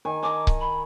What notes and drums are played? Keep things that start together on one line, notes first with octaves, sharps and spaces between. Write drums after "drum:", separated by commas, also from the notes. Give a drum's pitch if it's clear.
D#3 G#5
G#5 A#5 D6
drum: kick C#1
B5